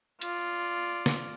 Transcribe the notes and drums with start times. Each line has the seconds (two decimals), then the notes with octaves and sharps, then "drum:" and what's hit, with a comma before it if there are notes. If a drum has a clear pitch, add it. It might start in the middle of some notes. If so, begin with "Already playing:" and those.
0.21 F4 D5, drum: hi-hat
1.06 drum: snare